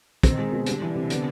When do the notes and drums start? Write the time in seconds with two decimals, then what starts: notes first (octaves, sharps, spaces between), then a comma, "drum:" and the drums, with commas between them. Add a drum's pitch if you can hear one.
0.23 D#3 C4, drum: kick, hi-hat
0.39 G#3
0.52 B2
0.66 D3 G3, drum: hi-hat
0.82 E3
0.95 C3
1.10 B3, drum: hi-hat